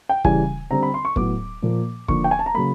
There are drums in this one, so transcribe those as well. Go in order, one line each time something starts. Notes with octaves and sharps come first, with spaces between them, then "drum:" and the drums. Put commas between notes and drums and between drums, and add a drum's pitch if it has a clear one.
G5
C#3 E3 G3 G#5, drum: kick
D3 G3 C4 A#5
B5
C6
C#6
A2 F#3 B3 D6, drum: kick
A#2 F3 A#3
D3 F3 A#3 C#6, drum: kick
G5
G#5
A5
A#5
C#3 F#3 A#3 B5